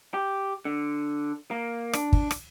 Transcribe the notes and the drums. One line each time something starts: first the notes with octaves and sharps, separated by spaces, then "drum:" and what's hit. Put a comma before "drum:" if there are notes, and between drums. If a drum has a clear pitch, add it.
G4
D3
A#3
D4, drum: rim click
drum: kick
drum: rim click